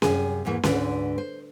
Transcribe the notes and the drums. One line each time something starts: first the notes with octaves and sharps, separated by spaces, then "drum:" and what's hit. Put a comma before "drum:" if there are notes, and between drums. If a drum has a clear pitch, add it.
F#2 C3 G#4, drum: snare C#4
E2 G#2 E3 A#3
D2 G#2 D3 D4 B4 D5, drum: snare C#4
C5